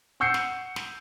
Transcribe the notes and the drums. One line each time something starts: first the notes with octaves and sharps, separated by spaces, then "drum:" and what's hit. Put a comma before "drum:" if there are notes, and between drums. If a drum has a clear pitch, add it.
F#5 C#6 E6 G6 C7 C#7
drum: snare
drum: snare